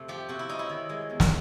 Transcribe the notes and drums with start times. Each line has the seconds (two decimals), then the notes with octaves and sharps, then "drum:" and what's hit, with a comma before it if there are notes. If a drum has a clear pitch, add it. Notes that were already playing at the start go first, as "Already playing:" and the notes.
Already playing: F2 C3 A3
0.08 F3 G4
0.29 C3 F#4
0.39 E4
0.49 C#4 D#4
0.59 E4
0.69 D#3
0.89 G#3
1.10 E2
1.20 drum: snare